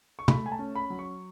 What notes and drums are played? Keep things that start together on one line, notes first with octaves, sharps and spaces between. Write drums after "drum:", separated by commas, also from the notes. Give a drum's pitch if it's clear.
C#6
A3 B5, drum: tom
G#5
A5
C#4
B5
F#3
C#6